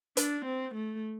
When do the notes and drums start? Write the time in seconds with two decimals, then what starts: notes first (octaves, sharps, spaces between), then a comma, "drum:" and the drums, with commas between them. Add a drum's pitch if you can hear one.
0.17 D4, drum: hi-hat
0.45 C4
0.75 A3